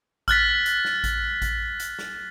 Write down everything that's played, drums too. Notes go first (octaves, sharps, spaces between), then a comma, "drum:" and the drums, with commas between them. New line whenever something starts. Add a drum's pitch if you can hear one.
F6 F#6 A6 B6, drum: kick A1, hi-hat
drum: hi-hat
drum: snare
drum: kick A1, hi-hat
drum: kick A1, hi-hat
drum: hi-hat
drum: snare